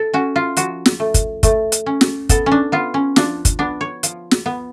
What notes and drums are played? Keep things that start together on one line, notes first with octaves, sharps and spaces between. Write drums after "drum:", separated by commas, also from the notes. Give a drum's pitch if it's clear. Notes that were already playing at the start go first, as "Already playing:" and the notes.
Already playing: A4
C#4 F#4
F4
F3 F#4, drum: hi-hat
drum: snare
A3
drum: kick, hi-hat
A3, drum: kick, hi-hat
drum: hi-hat
C#4
drum: snare
B3 A4, drum: kick, hi-hat
C#4
D4
B3 F4
C#4
F3 D4, drum: snare
drum: kick, hi-hat
B3 D4
C#5
F3, drum: hi-hat
drum: snare
B3